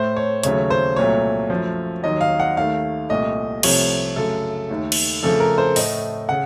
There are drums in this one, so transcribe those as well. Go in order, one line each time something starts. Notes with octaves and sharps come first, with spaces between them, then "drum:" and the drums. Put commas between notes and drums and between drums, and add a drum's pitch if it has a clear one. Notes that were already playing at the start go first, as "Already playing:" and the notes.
Already playing: A2 A3 C5
C#5
D#2 C#3 F#3 A3 C#5, drum: hi-hat
C5
C2 A#2 F#3 A3 C#5
F#2 F3 A3
D#2 D#3 F#3 D#5
F5
F#5
D#2 D#3 A3 F5
C2 A#2 A3 D#5
C2 C3 F3 A3 C#5, drum: cymbal
F#2 C#3 A3 A4
D#2 D#3 A3
drum: cymbal
F2 C#3 F3 A3 A4
A#4
C5
A2 A3 D#5, drum: open hi-hat
C#3 F#5